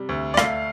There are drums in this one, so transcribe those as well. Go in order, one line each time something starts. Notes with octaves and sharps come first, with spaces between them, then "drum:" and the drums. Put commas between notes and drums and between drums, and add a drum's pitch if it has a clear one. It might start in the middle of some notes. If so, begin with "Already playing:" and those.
Already playing: C3 G3
D2
D5
A3 F5, drum: rim click